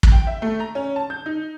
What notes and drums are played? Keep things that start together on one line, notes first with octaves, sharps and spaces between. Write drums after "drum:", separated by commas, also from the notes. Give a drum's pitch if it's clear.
drum: kick
G5
E5
A3
A#5
C#4
A5
G6
D#4